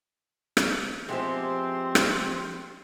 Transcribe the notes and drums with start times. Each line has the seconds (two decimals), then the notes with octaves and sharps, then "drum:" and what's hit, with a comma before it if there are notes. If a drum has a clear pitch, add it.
0.57 drum: rim click
1.09 F3 G#3 B3 C4 E4 G4 C6
1.95 drum: rim click